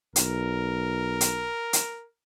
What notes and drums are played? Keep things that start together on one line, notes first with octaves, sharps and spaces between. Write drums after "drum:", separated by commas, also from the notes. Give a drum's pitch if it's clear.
B1 A#4, drum: hi-hat
drum: hi-hat
drum: hi-hat